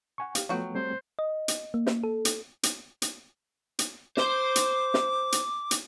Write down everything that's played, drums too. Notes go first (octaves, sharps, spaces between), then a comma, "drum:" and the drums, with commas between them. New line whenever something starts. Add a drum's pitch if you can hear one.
F#5 G#5 C#6
G4 F5, drum: hi-hat
F3 F#3 A3 B3 F#4 G5
G3 A3 C4 C5
D#5
drum: hi-hat
A#3
drum: snare
A4
drum: hi-hat
drum: hi-hat
drum: hi-hat
drum: hi-hat
C5 C6 D6, drum: snare
drum: hi-hat
drum: snare
drum: hi-hat
drum: hi-hat